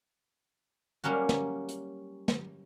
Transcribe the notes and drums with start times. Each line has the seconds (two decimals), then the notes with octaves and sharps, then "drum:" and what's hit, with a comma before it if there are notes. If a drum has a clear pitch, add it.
1.04 F#3 G3 A#3 C#4 F#4
1.29 drum: snare
1.68 drum: hi-hat
2.28 drum: snare